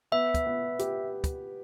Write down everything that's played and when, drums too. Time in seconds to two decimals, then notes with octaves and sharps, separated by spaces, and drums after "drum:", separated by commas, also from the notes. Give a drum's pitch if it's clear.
0.12 B3 E5
0.34 drum: kick, hi-hat
0.46 B3
0.79 G4, drum: hi-hat
1.24 drum: kick, hi-hat